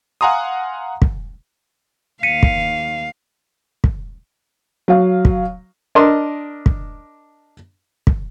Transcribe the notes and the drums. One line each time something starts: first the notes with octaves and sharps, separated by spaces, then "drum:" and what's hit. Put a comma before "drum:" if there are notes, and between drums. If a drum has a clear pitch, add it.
F5 F#5 G#5 A#5 C6 D#6
drum: kick
D#2 F5 B6 C#7 D#7
drum: kick
drum: kick
F#3 F5
drum: kick
D4 A#4 D#5 C6
drum: kick
drum: kick